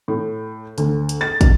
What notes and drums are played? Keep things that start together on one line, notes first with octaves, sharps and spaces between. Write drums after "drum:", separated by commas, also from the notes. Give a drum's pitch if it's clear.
A2
D2, drum: hi-hat
drum: hi-hat
A6
drum: kick, hi-hat